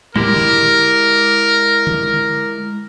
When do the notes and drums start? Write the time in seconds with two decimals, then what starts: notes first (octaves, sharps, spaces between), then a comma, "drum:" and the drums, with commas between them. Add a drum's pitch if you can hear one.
0.16 G#3 E4 G4 A#4, drum: tom
0.36 drum: tom D3
1.87 drum: tom D3